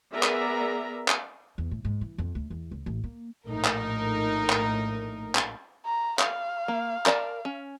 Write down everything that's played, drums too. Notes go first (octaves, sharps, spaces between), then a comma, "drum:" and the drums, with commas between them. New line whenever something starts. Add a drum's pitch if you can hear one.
B3 G#4 A#4 D5 E5 A#5
drum: clap
drum: clap
E2
A2
G#2
E3
F2
D2
E2
C#2
A1
A#3
A#1 A2 A3 D#4 A#4
drum: clap
drum: clap
drum: clap
A#5
F5, drum: clap
A#3
A#4 D5 A5, drum: clap
C#4